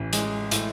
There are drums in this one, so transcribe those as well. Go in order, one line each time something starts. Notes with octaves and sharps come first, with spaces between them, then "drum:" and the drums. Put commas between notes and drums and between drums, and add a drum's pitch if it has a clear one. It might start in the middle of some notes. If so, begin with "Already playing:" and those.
Already playing: A1 E3
G#3, drum: hi-hat
A2, drum: hi-hat